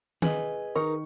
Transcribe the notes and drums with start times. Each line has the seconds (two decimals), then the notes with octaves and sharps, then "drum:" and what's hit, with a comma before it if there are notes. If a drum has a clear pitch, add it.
0.22 G#4 B4 D#5 G#5, drum: tom D#3
0.75 D#3 D#4 A#4 C#6